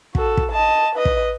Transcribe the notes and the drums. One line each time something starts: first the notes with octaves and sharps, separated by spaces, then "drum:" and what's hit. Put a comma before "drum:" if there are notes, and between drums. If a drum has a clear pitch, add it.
F#4 A4, drum: kick
drum: kick
D#5 A5
B4 D#5
drum: kick